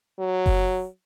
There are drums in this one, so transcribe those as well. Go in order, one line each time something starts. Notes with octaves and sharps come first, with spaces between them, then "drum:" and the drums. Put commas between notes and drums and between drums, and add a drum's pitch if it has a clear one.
F#3
drum: kick F#1